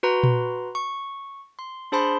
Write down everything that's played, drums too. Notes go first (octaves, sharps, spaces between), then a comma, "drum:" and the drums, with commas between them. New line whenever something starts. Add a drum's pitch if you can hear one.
F#4 B4 A#5 C6
drum: tom A#2
C#6
C6
D4 G#4 C5 A5 B5 C6